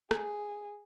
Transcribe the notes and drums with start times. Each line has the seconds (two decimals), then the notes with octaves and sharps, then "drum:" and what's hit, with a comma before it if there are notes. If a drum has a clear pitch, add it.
0.11 G#4, drum: rim click